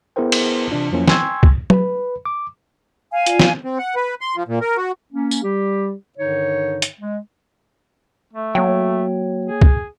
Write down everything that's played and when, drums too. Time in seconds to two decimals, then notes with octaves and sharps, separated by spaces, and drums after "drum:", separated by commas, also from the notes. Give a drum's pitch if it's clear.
0.16 B3 E4 G#4 A#4 C5 G5
0.32 drum: cymbal
0.71 C3 E3 D4 F4
0.92 F2 F3 F#3 A#3 C#4 E4
1.08 G5 G#5 C6 C#6 E6 G#6, drum: snare
1.43 drum: kick
1.70 B4 B5, drum: tom
2.25 D6
3.12 F5 G#5
3.26 F4 D5, drum: hi-hat
3.40 drum: snare
3.63 C4
3.79 F#5
3.95 B4
4.21 C6
4.36 F3
4.48 A#2
4.61 A#4
4.77 F#4
5.12 A#3 C#4
5.31 drum: tambourine
5.43 G3 G4
6.18 G2 D3 D#3 D#4 C#5
6.82 drum: hi-hat
7.00 G#3
8.33 A3
8.55 F#3 A#3 C#5 G5
9.45 G#4
9.62 drum: kick